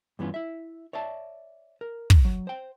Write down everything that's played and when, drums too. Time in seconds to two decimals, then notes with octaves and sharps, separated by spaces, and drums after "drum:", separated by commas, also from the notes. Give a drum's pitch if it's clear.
0.19 G2 E3 B3 C#4 F4
0.34 E4 E5
0.93 C#5 D5 E5 A5
1.81 A#4
2.10 drum: kick
2.25 F#3
2.47 C5 G5